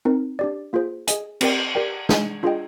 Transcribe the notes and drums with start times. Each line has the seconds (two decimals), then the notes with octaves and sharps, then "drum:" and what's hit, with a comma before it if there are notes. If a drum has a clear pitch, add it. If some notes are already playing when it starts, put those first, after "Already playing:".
0.05 C4 D#4 A#4
0.39 D4 G4 D5
0.73 A#3 F4 G#4 C5
1.08 G#4 D#5 G#5, drum: hi-hat
1.41 C4 G4 A#4 D5 G5, drum: cymbal
1.75 G4 A#4 D5 G5
2.09 D4 G#4 D#5 G#5, drum: snare
2.43 D4 F4 G#4 D#5 G5